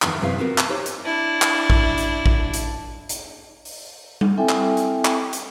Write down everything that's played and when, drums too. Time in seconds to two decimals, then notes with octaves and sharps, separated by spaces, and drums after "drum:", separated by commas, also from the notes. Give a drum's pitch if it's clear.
0.02 F2 D#3 E3 B3, drum: clap
0.21 F#2 C3 E3 B4 F5
0.38 B3 C4 F4 F#4 A#4
0.58 drum: clap
0.69 D#4 G4 C5 C#5
0.86 drum: hi-hat
1.04 D4 E4
1.42 drum: clap
1.70 drum: kick A1
1.98 drum: hi-hat
2.26 drum: kick A1
2.54 drum: hi-hat
3.09 drum: hi-hat
3.65 drum: open hi-hat
4.21 drum: tom G3
4.38 C4 E4 A4 E5 G5 G#5
4.49 drum: clap
4.77 drum: hi-hat
5.05 drum: clap
5.33 drum: hi-hat